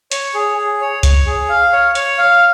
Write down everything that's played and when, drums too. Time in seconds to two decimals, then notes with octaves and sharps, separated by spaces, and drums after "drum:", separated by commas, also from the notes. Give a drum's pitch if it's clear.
0.12 C#5, drum: hi-hat
0.34 G#4
0.57 G#4
0.81 C#5
1.03 C#5, drum: kick C2, hi-hat
1.26 G#4
1.49 F5
1.72 C#5
1.95 C#5, drum: hi-hat
2.18 F5